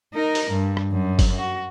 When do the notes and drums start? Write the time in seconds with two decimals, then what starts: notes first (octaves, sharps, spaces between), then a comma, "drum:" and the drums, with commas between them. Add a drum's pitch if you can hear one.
0.14 D#4 A#4
0.35 drum: open hi-hat
0.51 G2
0.77 drum: rim click
0.92 F#2
1.19 drum: kick, open hi-hat
1.38 F#4